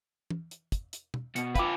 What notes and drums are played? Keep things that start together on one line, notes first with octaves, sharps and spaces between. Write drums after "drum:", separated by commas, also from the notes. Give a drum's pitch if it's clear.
drum: tom
drum: hi-hat
drum: kick, hi-hat
drum: hi-hat
drum: tom B2
B2 C#7, drum: hi-hat
F4 B4 F5 G5 D6, drum: kick, hi-hat